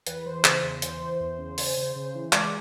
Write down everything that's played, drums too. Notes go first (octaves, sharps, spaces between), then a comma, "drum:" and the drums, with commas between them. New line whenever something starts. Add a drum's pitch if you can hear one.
E2 B4, drum: hi-hat
E3 C5
C#3, drum: clap
E2
E3 C5, drum: hi-hat
E3
E2
C#3
C#3, drum: open hi-hat
C#3
C#3
E3
G#3 D5, drum: clap